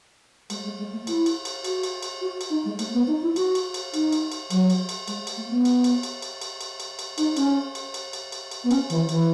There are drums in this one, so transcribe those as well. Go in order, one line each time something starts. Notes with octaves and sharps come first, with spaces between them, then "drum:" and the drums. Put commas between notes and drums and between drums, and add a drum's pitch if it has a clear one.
G#3, drum: cymbal
G#3
G#3
A3
E4, drum: cymbal
drum: cymbal
drum: cymbal
F#4, drum: cymbal
drum: cymbal
drum: cymbal
F#4
drum: cymbal
D#4
G#3
A3, drum: cymbal
B3
D#4
E4
F#4, drum: cymbal
drum: cymbal
drum: cymbal
D#4, drum: cymbal
drum: cymbal
drum: cymbal
F#3, drum: cymbal
drum: cymbal
drum: cymbal
G#3, drum: cymbal
drum: cymbal
A3
B3
drum: cymbal
drum: cymbal
drum: cymbal
drum: cymbal
drum: cymbal
drum: cymbal
drum: cymbal
drum: cymbal
D#4, drum: cymbal
C#4, drum: cymbal
drum: cymbal
drum: cymbal
drum: cymbal
drum: cymbal
drum: cymbal
B3
C#4, drum: cymbal
E3, drum: cymbal
E3, drum: cymbal